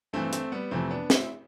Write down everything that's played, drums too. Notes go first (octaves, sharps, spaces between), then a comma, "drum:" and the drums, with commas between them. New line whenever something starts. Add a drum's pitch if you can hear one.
G2 E3 A3 C4
A3 C4, drum: hi-hat
G3 B3
F2 C3 E3 A3 C4
B3 D4
C4 E4, drum: snare